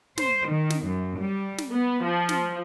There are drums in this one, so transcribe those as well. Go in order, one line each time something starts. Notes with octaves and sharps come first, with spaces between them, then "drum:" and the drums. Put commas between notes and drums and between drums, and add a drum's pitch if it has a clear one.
C5, drum: snare
D#3
drum: snare
F#2
G3
drum: snare
B3
F3
drum: snare